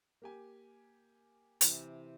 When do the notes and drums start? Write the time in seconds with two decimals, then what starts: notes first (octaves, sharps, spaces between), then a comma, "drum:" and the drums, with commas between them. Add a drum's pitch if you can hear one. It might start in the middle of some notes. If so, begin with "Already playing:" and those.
0.22 A#3 G4 G#5
1.61 C3 E3, drum: hi-hat